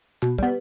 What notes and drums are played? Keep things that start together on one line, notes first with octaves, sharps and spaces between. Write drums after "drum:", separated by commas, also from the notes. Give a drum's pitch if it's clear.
B2, drum: clap
G3 B3, drum: kick